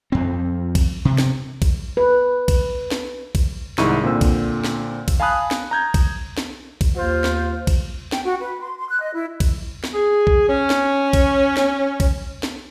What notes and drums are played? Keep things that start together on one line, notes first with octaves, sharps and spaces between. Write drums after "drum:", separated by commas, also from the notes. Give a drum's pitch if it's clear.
F2 C4
drum: kick, cymbal
C3
drum: snare
drum: kick, cymbal
B4
drum: kick, cymbal
drum: snare
drum: kick, cymbal
C2 G#2 D#3 E4 C#6 D#7, drum: snare
A#2 D3 C4 E6
drum: kick, cymbal
drum: snare
drum: kick, cymbal
F5 G#5 A5 B5 D#6 F#6
drum: snare
A#5 G6 G#6
drum: kick, cymbal
drum: snare
drum: kick, cymbal
D#2 F4 C5
drum: snare
drum: kick, cymbal
G5, drum: snare
F#4
B4
C6
C6
F#6
D#5
E4
drum: kick, cymbal
drum: snare
G#4
drum: kick
C#4
drum: snare
drum: kick, cymbal
drum: snare
drum: kick, cymbal
drum: snare